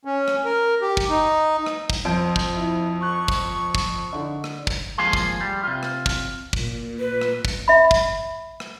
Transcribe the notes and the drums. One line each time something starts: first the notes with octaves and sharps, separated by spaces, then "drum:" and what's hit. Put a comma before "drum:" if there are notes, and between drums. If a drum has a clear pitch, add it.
C#4
drum: rim click
A#4
G4
drum: kick
D#4
drum: rim click
drum: kick
F2 C5 D7
drum: kick
E4
C#6 F#6
drum: kick
drum: kick
D3 D4 D#4
drum: rim click
drum: kick
D#2 F3 G#3 F5 G#5 C6
drum: kick
G3
C3 F4
drum: rim click
drum: kick
A#2, drum: kick
B4
drum: rim click
drum: kick
E5 B5
drum: kick
drum: rim click